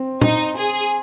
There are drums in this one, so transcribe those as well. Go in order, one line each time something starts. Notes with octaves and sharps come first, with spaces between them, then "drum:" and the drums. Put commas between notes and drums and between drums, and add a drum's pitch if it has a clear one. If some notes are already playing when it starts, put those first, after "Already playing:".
Already playing: C4
D#4, drum: tom
G#4